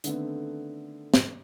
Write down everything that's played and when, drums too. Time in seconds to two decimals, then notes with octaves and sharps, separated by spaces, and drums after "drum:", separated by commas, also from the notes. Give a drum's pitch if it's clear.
0.04 D3 D#3 A3 B3 C4 D4, drum: hi-hat
1.14 drum: snare